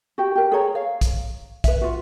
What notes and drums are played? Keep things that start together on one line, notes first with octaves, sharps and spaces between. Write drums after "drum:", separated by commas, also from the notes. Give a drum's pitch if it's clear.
F#4 G4 G5
G4 A#4
G#4 A4 C#5 A#5
C#5 F5
drum: kick, hi-hat
B4 E5, drum: kick, hi-hat
F4 F#4